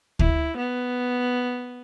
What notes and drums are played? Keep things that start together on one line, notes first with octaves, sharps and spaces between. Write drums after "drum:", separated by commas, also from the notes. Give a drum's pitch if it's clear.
E4, drum: kick D2
B3